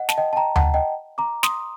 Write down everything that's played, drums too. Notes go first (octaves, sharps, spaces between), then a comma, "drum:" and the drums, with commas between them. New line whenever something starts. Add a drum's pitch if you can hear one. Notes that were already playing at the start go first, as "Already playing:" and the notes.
Already playing: D#5 F#5
A5, drum: snare
D#5 G5
A5
G5 A#5
F#5 A5, drum: tom D2
D#5 G5
A#5 D6
C6 D#6, drum: snare